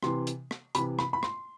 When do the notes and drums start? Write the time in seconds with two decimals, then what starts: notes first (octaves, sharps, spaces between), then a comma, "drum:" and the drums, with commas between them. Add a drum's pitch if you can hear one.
0.03 C3 E3 C6, drum: rim click
0.27 drum: hi-hat
0.51 drum: rim click
0.75 C3 E3 B5, drum: hi-hat
0.99 B5, drum: rim click
1.13 B5
1.23 C6, drum: rim click